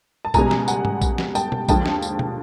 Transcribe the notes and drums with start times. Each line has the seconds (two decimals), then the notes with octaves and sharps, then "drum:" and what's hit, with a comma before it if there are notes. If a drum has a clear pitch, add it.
0.25 A5
0.34 C#2 B2 G3 G#5 A#5, drum: kick A#1, tambourine
0.51 drum: snare
0.68 F#5 G#5, drum: tambourine
0.85 drum: tom G#2
1.02 drum: kick A#1, tambourine
1.18 drum: snare
1.35 G5 A5, drum: tambourine
1.52 drum: tom B2
1.69 D#2 D3 F3 G#3 G5 A5, drum: kick A#1, tambourine
1.86 drum: snare
2.02 drum: tambourine
2.19 drum: tom B2